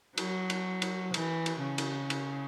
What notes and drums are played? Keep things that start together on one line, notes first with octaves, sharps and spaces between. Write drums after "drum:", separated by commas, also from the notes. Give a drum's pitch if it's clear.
F#3, drum: cymbal
drum: cymbal
drum: cymbal
E3, drum: cymbal
drum: cymbal
C#3
drum: cymbal
drum: cymbal